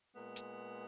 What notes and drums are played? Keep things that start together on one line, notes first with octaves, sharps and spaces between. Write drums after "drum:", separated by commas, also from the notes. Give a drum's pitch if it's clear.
A#2 G#3 B3
drum: hi-hat